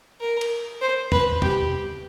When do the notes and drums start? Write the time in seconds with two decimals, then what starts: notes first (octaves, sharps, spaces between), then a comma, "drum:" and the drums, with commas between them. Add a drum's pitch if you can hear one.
0.20 A#4
0.41 drum: cymbal
0.81 C5
1.12 B4, drum: tom
1.42 G4, drum: tom